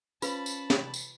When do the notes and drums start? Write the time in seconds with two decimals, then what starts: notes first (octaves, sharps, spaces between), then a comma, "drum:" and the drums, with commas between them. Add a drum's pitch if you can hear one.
0.22 C#4 F4 B4 C5 F5 A5 B5, drum: tambourine
0.46 drum: tambourine
0.70 drum: snare
0.94 drum: tambourine